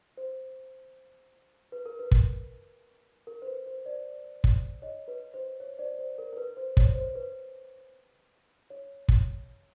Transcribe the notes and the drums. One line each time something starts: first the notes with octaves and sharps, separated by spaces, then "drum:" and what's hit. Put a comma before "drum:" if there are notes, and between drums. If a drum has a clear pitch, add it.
C5
B4
A#4
B4
drum: kick
A#4
C5
B4
C5
C5 D5
drum: kick
C#5 D#5
B4
C5
C#5
C5 D5
C5
A#4
A#4
B4
C5
C#5, drum: kick
C5
B4
C#5
drum: kick